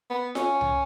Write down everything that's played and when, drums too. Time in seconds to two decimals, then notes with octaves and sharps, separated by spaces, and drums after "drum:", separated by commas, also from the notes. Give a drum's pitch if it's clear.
0.10 B3
0.35 C#4, drum: snare F4
0.61 drum: tom C2